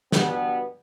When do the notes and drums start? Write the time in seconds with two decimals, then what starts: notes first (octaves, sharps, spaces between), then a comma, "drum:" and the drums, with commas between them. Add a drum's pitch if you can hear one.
0.12 G2 B2 B3, drum: snare